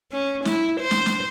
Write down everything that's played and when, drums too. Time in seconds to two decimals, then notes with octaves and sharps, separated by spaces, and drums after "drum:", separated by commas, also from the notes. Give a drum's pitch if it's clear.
0.12 C#4
0.45 E4, drum: snare
0.81 C5
0.91 drum: snare
1.06 drum: snare